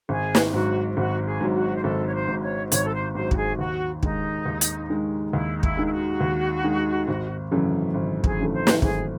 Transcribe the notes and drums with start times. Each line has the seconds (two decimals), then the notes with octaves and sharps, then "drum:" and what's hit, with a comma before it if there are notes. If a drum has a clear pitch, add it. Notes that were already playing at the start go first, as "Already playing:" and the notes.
0.09 G#1 G#4
0.35 drum: snare
0.49 G#4
0.53 G#2 F#3 F#4
0.97 G#1 F#4
1.26 G#4
1.41 G#2 F#3
1.55 F#4
1.75 C5
1.84 G#1 A4
2.08 C#5
2.14 C5
2.28 G#2 F#3
2.42 C#5
2.72 G#1 C#5, drum: hi-hat
2.86 A4
2.93 C5
3.15 G#2 F#3 C5
3.31 F#4, drum: kick
3.37 G#4
3.59 D#2 F#4
4.03 D#3 G#3 D#4, drum: kick
4.46 D#2
4.61 drum: hi-hat
4.90 D#3 G#3
5.33 D#2 E4
5.58 D#4
5.63 E4, drum: kick
5.77 D#3 G#3
5.86 E4
5.92 F#4
6.21 D#2
6.64 D#3 G#3
7.08 G#1
7.51 F#2 C#3 E3 A3
7.95 G#1
8.24 G#4, drum: kick
8.39 F#2 C#3 E3 A3
8.53 C5
8.67 drum: snare
8.82 G#1 G#4, drum: kick